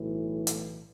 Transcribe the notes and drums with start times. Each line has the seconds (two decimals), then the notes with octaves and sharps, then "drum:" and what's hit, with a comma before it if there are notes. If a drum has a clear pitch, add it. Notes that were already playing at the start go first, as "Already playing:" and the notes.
Already playing: B1 A2 E3
0.47 drum: hi-hat